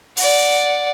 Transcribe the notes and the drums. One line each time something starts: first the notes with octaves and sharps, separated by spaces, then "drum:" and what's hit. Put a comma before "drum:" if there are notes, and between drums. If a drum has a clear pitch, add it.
D5 F#5, drum: open hi-hat